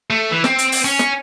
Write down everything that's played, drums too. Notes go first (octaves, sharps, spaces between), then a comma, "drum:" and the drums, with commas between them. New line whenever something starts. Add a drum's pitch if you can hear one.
A3
E3
C4, drum: snare
drum: hi-hat
drum: open hi-hat
C#4
drum: snare